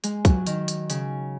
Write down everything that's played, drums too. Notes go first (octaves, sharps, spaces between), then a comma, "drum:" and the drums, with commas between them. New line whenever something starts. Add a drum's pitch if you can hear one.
G#3, drum: hi-hat
F#3, drum: kick, hi-hat
D#3, drum: hi-hat
drum: hi-hat
C#3, drum: hi-hat